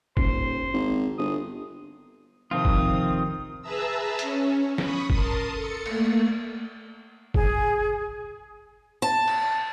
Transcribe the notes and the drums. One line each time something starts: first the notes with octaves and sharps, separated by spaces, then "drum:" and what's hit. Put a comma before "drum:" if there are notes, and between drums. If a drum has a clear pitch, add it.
D#1 C5, drum: kick G1
G#1
G1 D#6
C3 D#3 F3 C4 F4 D#6
drum: kick G1
G#4 B4 E5 A5 A#5 E6
C#4, drum: hi-hat
B5 C#6 D#6, drum: snare
A#4 A5 C6 D#6, drum: kick G1
A4 C#7
A3 A#3, drum: cymbal
G#4, drum: kick G1
A5
drum: cymbal